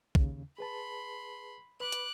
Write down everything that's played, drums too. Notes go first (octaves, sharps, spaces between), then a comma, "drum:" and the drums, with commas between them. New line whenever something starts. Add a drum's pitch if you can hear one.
D#2 C#3, drum: kick
G#4 B4 A5 B5 C6
B4 B5 D6 F#6
drum: hi-hat